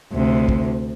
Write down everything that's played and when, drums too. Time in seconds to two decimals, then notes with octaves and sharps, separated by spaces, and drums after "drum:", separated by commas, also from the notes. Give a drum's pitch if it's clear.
0.13 D2 C3
0.49 drum: kick